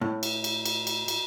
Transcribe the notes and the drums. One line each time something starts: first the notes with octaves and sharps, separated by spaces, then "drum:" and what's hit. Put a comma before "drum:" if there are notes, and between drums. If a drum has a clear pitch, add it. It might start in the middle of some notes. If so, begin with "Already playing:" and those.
A2
drum: cymbal
drum: cymbal
drum: cymbal
drum: cymbal
drum: cymbal